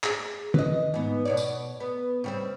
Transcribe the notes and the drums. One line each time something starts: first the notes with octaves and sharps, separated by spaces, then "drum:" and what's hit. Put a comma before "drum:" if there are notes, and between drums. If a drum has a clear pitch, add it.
G#4, drum: clap
B4 D#5, drum: tom
G#2 B3
B2 C#5 D5
drum: tambourine
B3
C#3 G3 C4